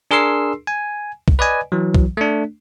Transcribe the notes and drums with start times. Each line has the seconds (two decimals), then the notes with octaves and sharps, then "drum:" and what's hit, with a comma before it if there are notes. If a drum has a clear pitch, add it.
0.11 D4 G#4 A#4 C6 E6 C7
0.67 G#5
1.28 drum: kick
1.39 B4 D5 D#5 G#5
1.72 E3 F#3
1.95 drum: kick
2.17 A3 D4